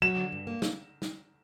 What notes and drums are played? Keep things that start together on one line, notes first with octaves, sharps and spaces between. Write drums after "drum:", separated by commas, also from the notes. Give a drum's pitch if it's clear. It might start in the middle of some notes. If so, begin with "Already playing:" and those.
F#3 E7
D3
G2
A#3
drum: snare
drum: snare